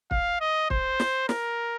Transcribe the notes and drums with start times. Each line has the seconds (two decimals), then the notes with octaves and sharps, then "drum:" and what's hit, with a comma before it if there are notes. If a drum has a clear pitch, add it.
0.11 F5, drum: kick
0.40 D#5
0.70 C5, drum: kick
1.00 drum: snare
1.29 A#4, drum: snare